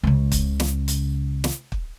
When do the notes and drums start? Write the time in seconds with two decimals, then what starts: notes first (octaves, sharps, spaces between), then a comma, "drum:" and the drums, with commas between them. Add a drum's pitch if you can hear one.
0.03 C#2 C#3
0.32 drum: kick, hi-hat
0.60 drum: snare
0.88 drum: hi-hat
1.44 drum: snare
1.72 drum: kick